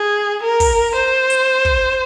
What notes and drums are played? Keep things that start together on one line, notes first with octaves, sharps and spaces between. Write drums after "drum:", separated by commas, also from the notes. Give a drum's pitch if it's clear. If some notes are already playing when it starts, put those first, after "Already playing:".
Already playing: G#4
A#4
drum: kick, open hi-hat
C5
drum: hi-hat
drum: kick